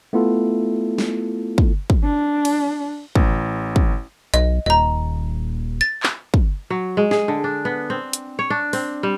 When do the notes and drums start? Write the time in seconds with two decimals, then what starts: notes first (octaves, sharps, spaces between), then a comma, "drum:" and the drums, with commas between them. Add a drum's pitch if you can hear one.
0.13 A3 B3 E4 F4 A4
0.98 drum: snare
1.58 drum: kick
1.90 drum: kick
2.03 D4
2.45 drum: cymbal
3.15 A1, drum: kick
3.76 drum: kick
4.34 B1 D#5, drum: hi-hat
4.66 D#1 D#5 A#5
5.81 A6
6.03 drum: clap
6.34 drum: kick
6.70 F#3
6.97 G#3
7.11 G#4, drum: snare
7.28 D3
7.44 D4
7.65 B3
7.90 C4
8.13 drum: hi-hat
8.39 C#5
8.50 D4
8.73 C4, drum: open hi-hat
9.03 G3